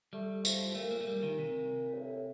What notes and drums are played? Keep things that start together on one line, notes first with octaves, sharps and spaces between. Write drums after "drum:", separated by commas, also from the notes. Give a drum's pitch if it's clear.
G3 A3
F3, drum: tambourine
A#2 A3
A#3
A3
G3
D#3
C3
G2
A2